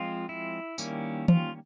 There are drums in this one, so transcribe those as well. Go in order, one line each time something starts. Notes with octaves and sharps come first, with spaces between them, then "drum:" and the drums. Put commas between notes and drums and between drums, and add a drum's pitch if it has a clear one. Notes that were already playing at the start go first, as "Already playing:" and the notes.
Already playing: F3 G#3 C4 F4
E4
D#3 G3 A#3 C#4, drum: tambourine
F4, drum: tom E3